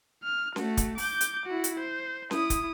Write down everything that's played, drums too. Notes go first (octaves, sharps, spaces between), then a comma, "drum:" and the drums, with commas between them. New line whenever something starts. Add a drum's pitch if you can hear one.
F6
A3 F#4, drum: snare C#4
drum: kick, hi-hat
D6 G6, drum: open hi-hat
drum: hi-hat
E4 F#4
drum: hi-hat
C5
E4 D#6, drum: snare C#4
drum: kick, hi-hat